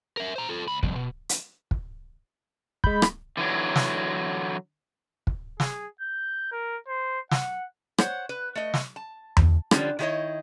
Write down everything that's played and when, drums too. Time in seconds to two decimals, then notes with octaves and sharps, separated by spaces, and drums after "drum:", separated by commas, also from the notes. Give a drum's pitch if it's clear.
0.17 A#4 E5
0.36 C5 A#5
0.49 F4 A4
0.67 C#2 B5
0.83 C2 F2, drum: kick
0.96 B2
1.29 drum: hi-hat
1.71 drum: kick
2.84 G#3 B5 G6, drum: kick
3.02 drum: rim click
3.37 D3 E3 F#3
3.76 drum: snare
5.27 drum: kick
5.60 G#4, drum: snare
6.01 G6
6.52 A#4
6.88 C5
7.31 F#5, drum: snare
7.98 C5 C#5 F#5, drum: rim click
8.29 B4
8.55 A3 D#5
8.74 drum: snare
8.96 A5
9.37 drum: tom E2
9.71 D3 F3 G3 C#4, drum: rim click
9.99 D#3 E4 G4 A#4 C#5 D#5